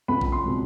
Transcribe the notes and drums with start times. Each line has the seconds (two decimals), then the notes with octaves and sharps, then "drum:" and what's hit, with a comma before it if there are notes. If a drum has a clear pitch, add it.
0.08 C#2 B5
0.21 drum: kick A#1
0.32 C6
0.44 B2 G#3 C4